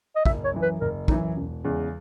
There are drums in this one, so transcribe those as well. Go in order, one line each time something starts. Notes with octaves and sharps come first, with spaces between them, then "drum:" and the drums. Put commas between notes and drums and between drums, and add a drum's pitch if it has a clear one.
D#5
F#1 E5, drum: kick
C#5
F#2 E3
B4
F#1 A#4
F#2 E3 D#4, drum: kick
E1 C#4
E2 C#3 G#3 C#4